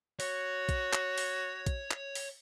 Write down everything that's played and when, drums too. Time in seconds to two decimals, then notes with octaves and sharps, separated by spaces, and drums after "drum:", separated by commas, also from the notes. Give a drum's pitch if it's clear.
0.20 F#4 C#5, drum: open hi-hat
0.69 drum: kick, hi-hat
0.93 drum: clap
1.18 drum: open hi-hat
1.67 drum: kick, hi-hat
1.91 drum: clap
2.15 drum: open hi-hat